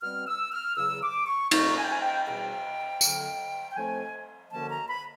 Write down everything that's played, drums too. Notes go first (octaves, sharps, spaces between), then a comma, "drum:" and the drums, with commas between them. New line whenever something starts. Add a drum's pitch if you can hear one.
B2 G3 C4 F6
E6
F6
E2 C#3 F#3 E6
D6
C#6
C2 A#2 F#3 A#3 D#4 C#6, drum: cymbal
G#5
G5
G#5
G5
E2 B2 G3 G5
F2 D3 F#3 A#3, drum: tambourine
G5
A2 F3 A3 C4 G#5
F#2 D3 F3 A#3 C#4 A5
A#5
B5